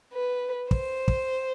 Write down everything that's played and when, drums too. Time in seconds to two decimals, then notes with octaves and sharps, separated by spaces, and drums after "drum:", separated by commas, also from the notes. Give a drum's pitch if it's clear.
0.14 B4
0.71 C5, drum: kick
1.08 drum: kick